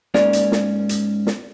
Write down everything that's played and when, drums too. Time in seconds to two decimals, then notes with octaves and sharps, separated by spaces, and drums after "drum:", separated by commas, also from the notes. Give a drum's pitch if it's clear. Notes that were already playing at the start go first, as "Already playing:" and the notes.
0.14 G#2 A#3 C#4 D5, drum: snare
0.33 drum: hi-hat
0.52 drum: snare
0.89 drum: hi-hat
1.27 drum: snare